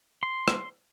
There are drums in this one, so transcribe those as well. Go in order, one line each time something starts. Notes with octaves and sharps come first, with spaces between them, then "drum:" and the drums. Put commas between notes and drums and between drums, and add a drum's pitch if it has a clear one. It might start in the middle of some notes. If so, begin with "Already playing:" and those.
C6
drum: rim click